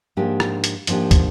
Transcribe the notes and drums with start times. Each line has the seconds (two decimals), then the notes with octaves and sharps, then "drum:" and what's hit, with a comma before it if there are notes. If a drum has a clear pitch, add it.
0.17 G#2 F3 A#3 D4 G4
0.40 drum: rim click
0.64 drum: hi-hat
0.87 G#2 F3 A#3 D4 G4, drum: hi-hat
1.11 drum: kick, hi-hat